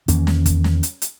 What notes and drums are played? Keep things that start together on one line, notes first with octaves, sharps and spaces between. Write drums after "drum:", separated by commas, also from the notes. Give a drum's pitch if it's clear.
E2 D#3 A#3 C#4, drum: hi-hat
drum: snare
drum: kick, hi-hat
drum: snare
drum: hi-hat
drum: hi-hat